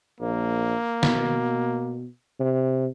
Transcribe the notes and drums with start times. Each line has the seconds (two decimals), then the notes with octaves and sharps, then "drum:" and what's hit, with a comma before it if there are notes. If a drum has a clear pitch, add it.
0.21 A#1 A#3
1.03 B2, drum: snare
2.40 C3